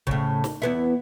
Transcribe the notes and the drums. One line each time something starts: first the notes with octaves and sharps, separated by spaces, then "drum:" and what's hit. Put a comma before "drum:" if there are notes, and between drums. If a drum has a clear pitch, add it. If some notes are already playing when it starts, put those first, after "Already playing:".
A2 C#3, drum: kick C#1
drum: snare
E2 B3 E4